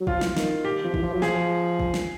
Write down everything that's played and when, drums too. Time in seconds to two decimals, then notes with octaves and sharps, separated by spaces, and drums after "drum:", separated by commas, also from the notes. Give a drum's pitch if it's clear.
0.01 F#3
0.07 F3 F4, drum: kick
0.21 E3, drum: snare
0.37 D#3, drum: snare
0.65 G4
0.84 F3
0.94 E3, drum: kick
1.03 F3
1.13 F#3
1.22 F3 G#4, drum: snare
1.79 drum: kick
1.94 drum: snare